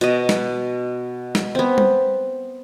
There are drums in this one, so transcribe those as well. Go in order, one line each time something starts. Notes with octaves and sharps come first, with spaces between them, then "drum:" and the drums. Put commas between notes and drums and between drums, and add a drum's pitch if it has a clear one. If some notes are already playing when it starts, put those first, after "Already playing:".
B2 D#5, drum: hi-hat
drum: snare
drum: snare
B3 C4
drum: tom G3